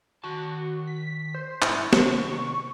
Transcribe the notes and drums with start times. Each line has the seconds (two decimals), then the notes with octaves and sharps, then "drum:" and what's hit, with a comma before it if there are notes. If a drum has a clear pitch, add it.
0.24 D#3 F#4 A5
0.87 B6
1.35 C5
1.62 G#2 D4 E4, drum: clap
1.93 C3 D#3 C4 C#6, drum: snare